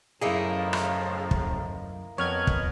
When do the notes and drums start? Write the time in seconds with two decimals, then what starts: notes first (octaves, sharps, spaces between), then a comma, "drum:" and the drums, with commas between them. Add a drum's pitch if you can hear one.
0.21 F#2 A2 C#3 F3 A#3 D#4 E4 G#4
0.73 drum: rim click
1.31 drum: kick
2.18 F2 B3 A#4 C#5 D#5 F6 G#6
2.47 drum: kick